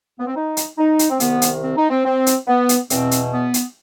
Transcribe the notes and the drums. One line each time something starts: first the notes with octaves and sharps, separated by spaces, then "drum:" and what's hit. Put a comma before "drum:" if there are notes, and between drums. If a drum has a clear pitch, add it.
B3
C4
D#4
drum: hi-hat
D#4
drum: hi-hat
C4
C2 C3 D#3 B3, drum: hi-hat
drum: hi-hat
C4
D#4
C4
C4
drum: hi-hat
B3
drum: hi-hat
E2 B2 C4, drum: hi-hat
drum: hi-hat
B3
drum: hi-hat